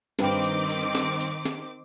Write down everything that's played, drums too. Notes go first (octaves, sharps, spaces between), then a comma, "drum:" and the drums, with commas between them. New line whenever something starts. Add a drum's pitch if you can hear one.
G2 D#3 C4 B4 G5 D6, drum: snare
drum: hi-hat
drum: hi-hat
drum: snare
drum: hi-hat
drum: snare